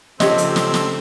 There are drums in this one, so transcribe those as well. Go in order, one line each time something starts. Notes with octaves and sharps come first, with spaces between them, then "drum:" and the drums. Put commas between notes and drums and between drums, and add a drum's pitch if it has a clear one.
C#3 F3 C4 G4 A4 C#5 D#5, drum: snare
drum: hi-hat
drum: snare
drum: snare